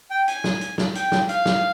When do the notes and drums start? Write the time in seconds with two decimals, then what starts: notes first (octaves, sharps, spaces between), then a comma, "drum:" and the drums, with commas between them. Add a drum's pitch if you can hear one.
0.11 G5
0.28 G#5, drum: hi-hat
0.44 drum: snare
0.61 drum: hi-hat
0.78 drum: snare
0.95 G5, drum: hi-hat
1.12 drum: snare
1.29 F5, drum: hi-hat
1.46 drum: snare